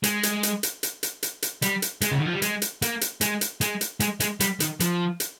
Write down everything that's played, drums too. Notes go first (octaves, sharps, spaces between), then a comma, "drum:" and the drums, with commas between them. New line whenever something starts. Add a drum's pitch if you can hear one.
G#3, drum: hi-hat
drum: hi-hat
drum: hi-hat
drum: hi-hat
drum: hi-hat
drum: hi-hat
drum: hi-hat
drum: hi-hat
G3, drum: hi-hat
drum: hi-hat
G#3, drum: hi-hat
C#3
D#3
F3
G3
G#3, drum: hi-hat
drum: hi-hat
A#3, drum: hi-hat
drum: hi-hat
G#3, drum: hi-hat
drum: hi-hat
G#3, drum: hi-hat
drum: hi-hat
G#3, drum: hi-hat
G#3, drum: hi-hat
G3, drum: hi-hat
D#3, drum: hi-hat
F3, drum: hi-hat
drum: hi-hat